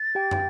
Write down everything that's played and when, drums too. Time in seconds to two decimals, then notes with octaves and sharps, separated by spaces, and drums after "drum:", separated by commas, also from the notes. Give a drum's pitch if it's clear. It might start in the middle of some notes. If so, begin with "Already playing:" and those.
Already playing: A6
0.15 G4 G5
0.31 G5, drum: tom